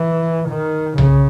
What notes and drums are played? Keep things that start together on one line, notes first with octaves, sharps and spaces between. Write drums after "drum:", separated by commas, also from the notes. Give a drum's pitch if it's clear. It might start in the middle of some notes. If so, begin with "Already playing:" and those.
Already playing: E3
D#3
C#3, drum: tom B1